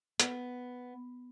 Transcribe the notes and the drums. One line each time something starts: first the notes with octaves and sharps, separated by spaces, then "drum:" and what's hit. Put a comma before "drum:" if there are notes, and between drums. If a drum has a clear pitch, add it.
B3, drum: hi-hat